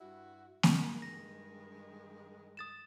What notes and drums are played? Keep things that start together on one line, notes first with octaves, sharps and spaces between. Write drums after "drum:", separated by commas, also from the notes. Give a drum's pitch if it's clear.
G2 E4 F#4
G2 D#3 G#3, drum: snare A#3
A#6
D#6 A6 E7